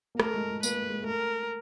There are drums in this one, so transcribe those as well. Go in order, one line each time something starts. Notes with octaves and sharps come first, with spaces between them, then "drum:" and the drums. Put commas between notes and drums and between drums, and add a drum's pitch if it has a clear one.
A#3
A3 A#4, drum: rim click
G#3
G#3
A#3 B4, drum: tambourine
A3
G#3
A3 A#4